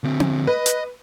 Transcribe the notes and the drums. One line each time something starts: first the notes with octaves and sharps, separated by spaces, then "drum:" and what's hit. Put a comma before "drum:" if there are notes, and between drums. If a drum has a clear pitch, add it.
D3 C4
drum: tom C4
B4 D#5
drum: hi-hat